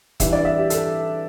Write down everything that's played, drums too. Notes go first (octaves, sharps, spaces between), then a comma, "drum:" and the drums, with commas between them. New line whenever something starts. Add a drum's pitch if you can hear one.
G2 E3 G3 D4 E5, drum: kick, hi-hat
D5
E5
G4
A4, drum: hi-hat